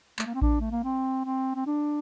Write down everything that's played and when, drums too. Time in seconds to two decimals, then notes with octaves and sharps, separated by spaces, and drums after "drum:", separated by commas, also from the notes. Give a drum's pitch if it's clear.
0.19 A3, drum: clap
0.26 A#3
0.34 C4
0.42 D4, drum: kick A1
0.60 A3
0.71 A#3
0.84 C4
1.25 C4
1.55 C4
1.66 D4